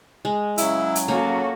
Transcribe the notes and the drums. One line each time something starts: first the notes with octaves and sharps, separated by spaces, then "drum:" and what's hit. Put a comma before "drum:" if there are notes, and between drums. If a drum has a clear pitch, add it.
G#3
C#3 F#3 E4, drum: hi-hat
drum: hi-hat
A#3 C#4 F#4 A4